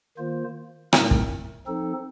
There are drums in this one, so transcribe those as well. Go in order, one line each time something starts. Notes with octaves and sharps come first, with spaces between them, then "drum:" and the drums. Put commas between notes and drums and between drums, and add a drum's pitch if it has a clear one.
D#3 A#3 F4 C5
A2 A3 C4 D#4 A#4, drum: rim click
drum: kick
F3 C4 D#4 A4